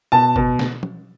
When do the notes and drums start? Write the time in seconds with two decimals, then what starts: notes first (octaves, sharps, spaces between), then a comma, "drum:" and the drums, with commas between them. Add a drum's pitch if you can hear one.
0.12 B2 A5
0.36 B2, drum: kick
0.59 drum: snare
0.83 drum: tom